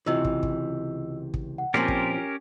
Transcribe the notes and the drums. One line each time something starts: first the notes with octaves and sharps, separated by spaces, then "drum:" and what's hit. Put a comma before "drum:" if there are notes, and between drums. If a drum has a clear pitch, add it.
C#2 C3 E3 F4 D#5 E6
drum: kick
drum: kick
drum: kick
F#5
A#2 F3 C4 C#4 G4 A#4 G#5 C7
drum: kick